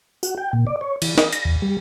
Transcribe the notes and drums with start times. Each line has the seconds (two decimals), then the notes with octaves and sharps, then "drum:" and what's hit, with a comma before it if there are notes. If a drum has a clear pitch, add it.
0.23 F#4, drum: tambourine
0.37 G5
0.53 A#2
0.67 D5
0.81 C#5
1.02 E3, drum: cymbal
1.18 D#5, drum: snare
1.33 A#6, drum: hi-hat
1.45 E2
1.62 G3